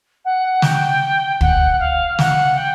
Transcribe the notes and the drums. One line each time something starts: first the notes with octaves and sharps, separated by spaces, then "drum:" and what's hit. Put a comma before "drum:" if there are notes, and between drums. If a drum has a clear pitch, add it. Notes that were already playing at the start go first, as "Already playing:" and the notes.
F#5
G5, drum: snare
F#5, drum: kick
F5
F#5, drum: snare
G5